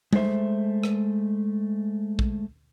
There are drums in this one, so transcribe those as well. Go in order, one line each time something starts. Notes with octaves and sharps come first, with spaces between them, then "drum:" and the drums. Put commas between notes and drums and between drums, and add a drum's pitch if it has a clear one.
G#3 A3 C5 E5, drum: tom G3
drum: rim click
drum: kick A#1